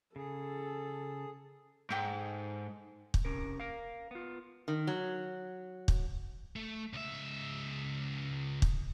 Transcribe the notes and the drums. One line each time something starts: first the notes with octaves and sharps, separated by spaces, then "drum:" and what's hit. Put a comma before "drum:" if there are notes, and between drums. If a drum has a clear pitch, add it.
C#3 G#4 A4
G#2 A4 G5
drum: kick
C3 C#4 A#4
A#4 F5
B3 F4
D#3
F#3
drum: kick
A3
C#2 E5
drum: kick